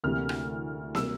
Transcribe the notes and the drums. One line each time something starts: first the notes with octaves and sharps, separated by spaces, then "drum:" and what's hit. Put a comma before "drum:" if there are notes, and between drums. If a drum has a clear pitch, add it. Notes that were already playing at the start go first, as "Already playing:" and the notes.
D2 C3 E3 A#3 F6
drum: rim click
C3 G3 A#3 E6, drum: snare